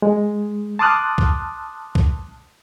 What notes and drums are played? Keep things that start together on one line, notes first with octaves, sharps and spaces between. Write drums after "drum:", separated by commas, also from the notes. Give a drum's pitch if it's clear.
G#3
A5 C6 D6 D#6 F6 F#6
drum: kick B1
drum: kick B1